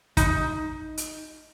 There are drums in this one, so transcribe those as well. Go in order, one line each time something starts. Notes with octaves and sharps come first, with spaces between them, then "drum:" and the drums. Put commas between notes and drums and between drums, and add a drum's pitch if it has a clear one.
D#4, drum: kick, hi-hat
drum: hi-hat